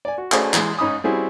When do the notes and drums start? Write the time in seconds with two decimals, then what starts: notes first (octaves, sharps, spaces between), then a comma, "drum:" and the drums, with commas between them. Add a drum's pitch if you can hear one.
0.05 D5 G#5
0.18 F#4
0.32 A3 C#4 F#4 G#4 C5 D5, drum: clap
0.53 E3 G#3, drum: clap
0.79 G#2 C#4 D#4 B5 D#6
1.04 G3 C4 C#4 E4 F#4 G#4